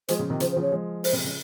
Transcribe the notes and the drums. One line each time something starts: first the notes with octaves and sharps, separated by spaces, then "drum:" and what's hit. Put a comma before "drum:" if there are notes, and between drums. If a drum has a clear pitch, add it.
F3 G#3 C5, drum: hi-hat
C#3 F3
C3 D#3
C#3 F3 C5, drum: hi-hat
C5
C#3 F3
C#5
F3 G#3
C5, drum: open hi-hat
C3
C#3